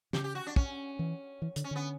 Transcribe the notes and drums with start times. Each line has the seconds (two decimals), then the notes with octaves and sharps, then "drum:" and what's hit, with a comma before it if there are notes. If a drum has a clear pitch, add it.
0.13 C#3 G4, drum: snare
0.24 G4
0.35 F#4
0.47 D4
0.56 C#4, drum: kick
0.99 E3
1.42 E3
1.56 D3, drum: hi-hat
1.64 C#4
1.71 D3 B3